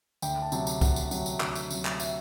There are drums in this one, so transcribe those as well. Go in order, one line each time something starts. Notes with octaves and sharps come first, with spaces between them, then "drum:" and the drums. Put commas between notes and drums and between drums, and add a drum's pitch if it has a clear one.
D2 G5, drum: tambourine
A5
C3 F#3, drum: tambourine
drum: tambourine
D2 F#5, drum: kick C2, tambourine
drum: tambourine
C3 F#3, drum: tambourine
drum: tambourine
D2, drum: clap
drum: tambourine
C3 F#3, drum: tambourine
drum: clap
E5, drum: tambourine